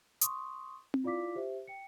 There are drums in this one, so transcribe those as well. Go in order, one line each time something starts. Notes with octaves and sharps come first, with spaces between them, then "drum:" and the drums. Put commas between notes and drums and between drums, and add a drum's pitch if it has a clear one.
C6 C#6 D#6, drum: hi-hat
drum: tom C4
E4 F4 D5 F5 D6 B6
G4 C5 E5
G5 C#7